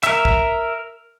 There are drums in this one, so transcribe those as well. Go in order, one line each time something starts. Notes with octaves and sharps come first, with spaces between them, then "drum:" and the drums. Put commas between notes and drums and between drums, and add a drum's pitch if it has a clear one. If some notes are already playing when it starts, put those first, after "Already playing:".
A#4 E5, drum: clap
drum: kick